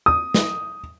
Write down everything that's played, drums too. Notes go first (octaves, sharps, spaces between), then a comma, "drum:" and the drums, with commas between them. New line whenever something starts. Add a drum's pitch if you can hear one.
D#6
drum: snare